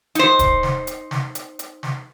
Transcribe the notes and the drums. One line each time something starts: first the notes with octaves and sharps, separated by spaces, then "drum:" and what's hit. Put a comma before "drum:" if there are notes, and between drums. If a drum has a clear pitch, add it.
D#4 C5, drum: hi-hat
drum: kick, hi-hat
drum: snare
drum: hi-hat
drum: snare
drum: hi-hat
drum: hi-hat
drum: snare